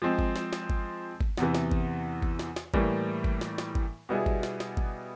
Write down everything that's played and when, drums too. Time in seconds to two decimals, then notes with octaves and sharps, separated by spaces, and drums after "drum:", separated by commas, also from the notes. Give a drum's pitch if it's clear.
0.02 F3 G#3 C4
0.19 drum: kick G1
0.36 drum: snare
0.53 drum: snare
0.70 drum: kick G1
1.21 drum: kick G1
1.38 E2 C3 E3, drum: snare
1.55 drum: snare
1.71 drum: kick G1
2.22 drum: kick G1
2.39 drum: snare
2.56 drum: snare
2.74 A2 E3 G3 A#3, drum: kick G1
3.24 drum: kick G1
3.41 drum: snare
3.58 drum: snare
3.75 drum: kick G1
4.09 B2 G3 B3 E4 G#4
4.26 drum: kick G1
4.43 drum: snare
4.60 drum: snare
4.77 drum: kick G1